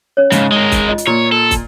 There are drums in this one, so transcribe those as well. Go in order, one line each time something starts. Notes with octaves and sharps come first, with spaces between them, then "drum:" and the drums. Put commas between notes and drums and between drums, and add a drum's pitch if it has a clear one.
C#4 C#5
G#2 C#3, drum: hi-hat
G#3 A#4
drum: kick, hi-hat
F4 D#5
drum: hi-hat
A#2 C#5 A#5
A4
drum: kick, hi-hat